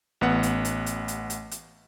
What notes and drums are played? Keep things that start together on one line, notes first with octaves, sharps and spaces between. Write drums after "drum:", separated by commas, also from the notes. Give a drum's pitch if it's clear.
A1 B3 F#5
drum: hi-hat
drum: hi-hat
drum: hi-hat
drum: hi-hat
drum: hi-hat
drum: hi-hat